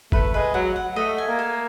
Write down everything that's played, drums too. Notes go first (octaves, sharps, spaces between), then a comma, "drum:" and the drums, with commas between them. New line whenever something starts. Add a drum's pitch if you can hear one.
A3 B4, drum: kick G#1
G#3 B4
F#3 F#5
F#5
A3 D#5
G#5
A#3
A4